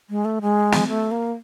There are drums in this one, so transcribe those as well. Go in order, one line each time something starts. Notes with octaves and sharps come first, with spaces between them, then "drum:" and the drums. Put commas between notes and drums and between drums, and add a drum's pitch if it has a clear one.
G#3
A3
G#3
drum: snare
A3
A#3